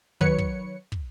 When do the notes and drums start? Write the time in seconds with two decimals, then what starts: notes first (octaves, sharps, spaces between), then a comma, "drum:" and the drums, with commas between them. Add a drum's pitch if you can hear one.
0.21 D#3 F#3 B4 C#5 C#7, drum: kick
0.38 drum: kick
0.92 drum: kick